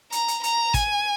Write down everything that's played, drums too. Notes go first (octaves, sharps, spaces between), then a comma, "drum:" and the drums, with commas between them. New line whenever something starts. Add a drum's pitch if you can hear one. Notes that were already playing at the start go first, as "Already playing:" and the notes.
A#5, drum: hi-hat
drum: hi-hat
A#5, drum: hi-hat
G#5, drum: kick, hi-hat